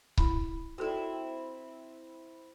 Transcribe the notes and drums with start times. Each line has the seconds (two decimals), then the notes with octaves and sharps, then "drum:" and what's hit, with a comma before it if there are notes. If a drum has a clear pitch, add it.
0.18 E4 B5, drum: kick C#1
0.78 C4 E4 F#4 A4